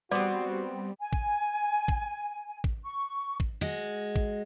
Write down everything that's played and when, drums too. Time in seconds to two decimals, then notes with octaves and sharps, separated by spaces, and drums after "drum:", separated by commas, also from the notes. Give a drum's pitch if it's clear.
0.11 G3 B3 C4 F#4 D5 C6 D6
1.00 G#5
1.13 drum: kick
1.88 drum: kick
2.64 drum: kick
2.83 C#6
3.40 drum: kick
3.61 G#3 F#4
4.16 drum: kick